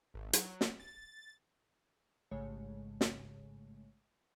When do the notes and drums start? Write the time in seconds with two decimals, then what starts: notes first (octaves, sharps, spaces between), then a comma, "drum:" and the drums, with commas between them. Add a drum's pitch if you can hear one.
0.14 G#1
0.33 F#3, drum: hi-hat
0.61 drum: snare
0.80 A6
2.31 A1 G#2 C#3 G#3 A3 C#5
3.01 drum: snare